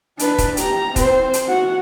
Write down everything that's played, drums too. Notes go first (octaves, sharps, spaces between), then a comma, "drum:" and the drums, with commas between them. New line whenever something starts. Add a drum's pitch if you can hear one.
D4 B4, drum: hi-hat
drum: kick, hi-hat
G4 A#5, drum: hi-hat
C4 C5, drum: kick, hi-hat
drum: hi-hat
F#4 F#5